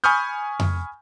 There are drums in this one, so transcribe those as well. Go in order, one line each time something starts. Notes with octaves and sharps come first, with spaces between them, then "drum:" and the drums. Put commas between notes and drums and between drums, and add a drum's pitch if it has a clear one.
G#5 B5 C#6 D#6 F6 G6
drum: tom F2